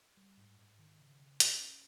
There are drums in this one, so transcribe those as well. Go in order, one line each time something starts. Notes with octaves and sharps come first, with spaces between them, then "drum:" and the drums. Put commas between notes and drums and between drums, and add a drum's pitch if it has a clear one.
G3
G#2
G#2
D#3
C#3
C#3
C#4, drum: hi-hat
C#4